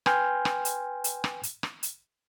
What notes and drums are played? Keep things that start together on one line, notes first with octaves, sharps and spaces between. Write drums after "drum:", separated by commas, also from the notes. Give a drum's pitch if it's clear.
B4 G5 G#5 C6 F6 G6, drum: rim click
drum: rim click
drum: hi-hat
drum: hi-hat
drum: rim click
drum: hi-hat
drum: rim click
drum: hi-hat